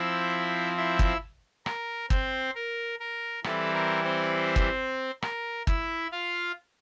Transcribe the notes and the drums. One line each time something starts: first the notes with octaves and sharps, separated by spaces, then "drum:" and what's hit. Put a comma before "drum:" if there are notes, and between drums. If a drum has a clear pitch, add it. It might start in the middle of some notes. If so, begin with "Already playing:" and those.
Already playing: F3 C4 E4 E5
E4 E5
drum: kick
A#4, drum: rim click
C4 C5, drum: kick
A#4
A#4
E3 G3 C4 E4 A4, drum: rim click
A#4
C4 C5
drum: kick
A#4, drum: rim click
E4 E5, drum: kick
F4 F5